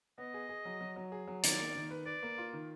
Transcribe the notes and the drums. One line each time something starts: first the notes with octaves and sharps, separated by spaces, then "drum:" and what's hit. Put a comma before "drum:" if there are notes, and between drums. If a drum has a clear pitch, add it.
B3 D#5
G#4
G#4
F#3
F#3
F#3
G#4
F#3
D#3 D5, drum: hi-hat
A#3
D#3
B4
B4 D5
A#3
F4
D#3